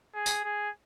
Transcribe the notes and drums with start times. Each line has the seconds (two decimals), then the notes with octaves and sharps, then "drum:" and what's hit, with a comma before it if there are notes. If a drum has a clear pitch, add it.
0.14 G#4
0.26 drum: tambourine
0.44 G#4